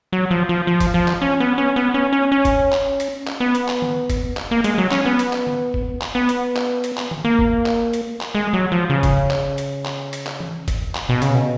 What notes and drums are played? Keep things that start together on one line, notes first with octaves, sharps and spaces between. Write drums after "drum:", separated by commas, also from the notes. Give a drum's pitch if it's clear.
F#3
F3
F3
F3
drum: kick, hi-hat
F3
drum: clap
C#4
B3
C#4
B3
C#4
C#4
C#4
drum: kick, hi-hat
drum: clap
drum: hi-hat
drum: clap
B3
drum: hi-hat
drum: clap
drum: tom
drum: kick, hi-hat
drum: clap
A#3
G#3, drum: hi-hat
F#3
C#4, drum: clap
B3
drum: hi-hat
drum: clap
drum: tom
drum: kick
drum: clap
B3
drum: hi-hat
drum: clap
drum: hi-hat
drum: clap
drum: tom
A#3
drum: kick
drum: clap
drum: hi-hat
drum: clap
G#3
F#3
F3
C#3
drum: kick, hi-hat
drum: clap
drum: hi-hat
drum: clap
drum: hi-hat
drum: clap
drum: tom E3
drum: kick, hi-hat
drum: clap
B2
C#3, drum: hi-hat
B2